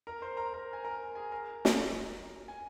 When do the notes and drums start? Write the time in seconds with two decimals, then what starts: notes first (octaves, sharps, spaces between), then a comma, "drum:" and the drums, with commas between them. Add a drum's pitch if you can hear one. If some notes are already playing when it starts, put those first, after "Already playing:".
0.07 A#4 A#5
0.22 C5 C6
0.37 A#4 A#5
0.53 A#4 A#5
0.73 G#5
0.85 A#4 A#5
1.15 G#4 G#5
1.32 A#4 A#5
1.65 drum: snare
2.48 G#5